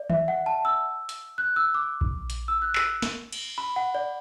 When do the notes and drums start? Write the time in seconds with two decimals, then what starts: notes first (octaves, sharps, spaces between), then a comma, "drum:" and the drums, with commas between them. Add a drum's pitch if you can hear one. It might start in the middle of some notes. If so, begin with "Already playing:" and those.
Already playing: D5
0.10 E5, drum: tom D#3
0.28 F#5
0.46 A5
0.65 E6
1.09 drum: hi-hat
1.38 F#6
1.56 E6
1.74 D6
2.01 drum: kick A#1
2.30 drum: hi-hat
2.48 E6
2.62 F#6
2.75 E6, drum: clap
3.02 drum: snare
3.33 drum: cymbal
3.58 B5
3.76 F#5
3.95 D5